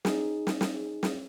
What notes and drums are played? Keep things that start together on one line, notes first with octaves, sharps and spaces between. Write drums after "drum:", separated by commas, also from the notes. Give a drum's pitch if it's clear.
D#4 G#4, drum: snare
drum: snare
drum: snare
drum: snare